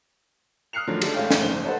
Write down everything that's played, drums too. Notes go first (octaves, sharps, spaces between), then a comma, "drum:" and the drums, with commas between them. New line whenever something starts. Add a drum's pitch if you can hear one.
D#6 F6 F#6 C7 C#7 F7
A2 D3 D#3 F3 F#3
G#3 A3 D4 A4, drum: cymbal
G#1 G#2 A3 C#4 F5 G5
drum: snare
F#1 C5 G7
C#4 D#4 A4 B4 C5 F#5